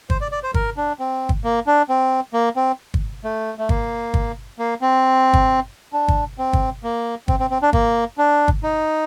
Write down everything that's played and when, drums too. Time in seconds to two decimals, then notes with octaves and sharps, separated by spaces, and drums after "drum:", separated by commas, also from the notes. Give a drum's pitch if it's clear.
0.10 C5, drum: kick G1
0.21 D5
0.32 D5
0.43 C5
0.54 A#4, drum: kick G1
0.77 D4
0.99 C4
1.29 drum: kick G1
1.44 A#3
1.67 D4
1.89 C4
2.33 A#3
2.56 C4
2.94 drum: kick G1
3.24 A3
3.58 A3
3.69 A#3, drum: kick G1
4.14 drum: kick G1
4.59 A#3
4.81 C4
5.33 drum: kick G1
5.93 D4
6.08 drum: kick G1
6.38 C4
6.53 drum: kick G1
6.83 A#3
7.28 C4, drum: kick G1
7.40 C4
7.50 C4
7.62 D4
7.73 A#3, drum: kick G1
8.18 D4
8.48 drum: kick G1
8.63 D#4